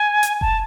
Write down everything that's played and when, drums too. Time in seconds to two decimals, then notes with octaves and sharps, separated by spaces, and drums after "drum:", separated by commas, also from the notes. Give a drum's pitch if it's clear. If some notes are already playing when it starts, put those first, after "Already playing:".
Already playing: G#5
0.23 drum: hi-hat
0.41 A5, drum: kick F1